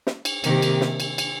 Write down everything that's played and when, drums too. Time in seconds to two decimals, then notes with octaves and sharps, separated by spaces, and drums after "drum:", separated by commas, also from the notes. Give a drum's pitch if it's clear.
0.07 drum: snare
0.25 drum: cymbal
0.44 C3 D#3 A#3 G4, drum: cymbal
0.62 drum: cymbal
0.81 drum: snare
1.00 drum: cymbal
1.18 drum: cymbal